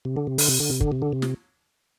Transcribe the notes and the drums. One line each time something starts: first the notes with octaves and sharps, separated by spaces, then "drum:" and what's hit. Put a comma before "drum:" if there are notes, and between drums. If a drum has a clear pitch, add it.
C3
D3
C3
D3, drum: open hi-hat
C3
D3
C3
D3, drum: kick
C3
D3
C3
drum: snare